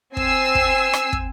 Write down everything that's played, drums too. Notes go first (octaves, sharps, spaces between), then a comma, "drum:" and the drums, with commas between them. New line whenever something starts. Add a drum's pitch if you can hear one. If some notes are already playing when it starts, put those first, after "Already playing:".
C4 G#5 E6 C7, drum: kick
drum: kick
drum: rim click
drum: kick